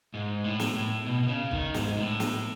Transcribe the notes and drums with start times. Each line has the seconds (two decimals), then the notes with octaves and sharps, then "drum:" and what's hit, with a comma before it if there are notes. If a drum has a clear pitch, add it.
0.14 G#2
0.44 A2
0.60 drum: snare
0.75 A2
1.06 B2
1.23 B2
1.28 C#3
1.51 D#3, drum: kick
1.74 G#2, drum: snare
1.97 A2
2.20 drum: snare